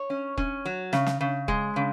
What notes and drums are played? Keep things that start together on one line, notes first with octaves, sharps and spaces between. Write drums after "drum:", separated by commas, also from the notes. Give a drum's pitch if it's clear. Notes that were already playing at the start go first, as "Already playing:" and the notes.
Already playing: C#5
C#4
C#4, drum: kick E1
F#3
C#3, drum: snare
drum: snare
C#3
G#3, drum: kick E1
C#3